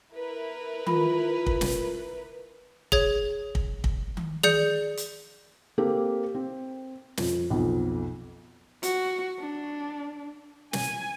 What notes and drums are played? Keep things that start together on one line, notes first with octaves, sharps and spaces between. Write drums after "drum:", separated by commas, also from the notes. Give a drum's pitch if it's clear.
E4 A#4 B4
F4 B5, drum: tom D#3
drum: kick
drum: snare
G#4 C#5 G#6, drum: kick
drum: kick
drum: kick
drum: tom D#3
G#4 D5 G6 C#7, drum: tom D#3
drum: hi-hat
A#3 C4 G4 A4
C4
F2, drum: snare
B1 F2
F#4, drum: hi-hat
D4
G#5, drum: snare